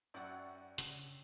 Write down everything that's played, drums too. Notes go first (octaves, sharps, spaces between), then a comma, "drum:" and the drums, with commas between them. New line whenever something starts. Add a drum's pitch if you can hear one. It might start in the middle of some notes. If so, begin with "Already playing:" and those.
F#2 C#5 D5 E5 F#5 G5
C#3 D4, drum: hi-hat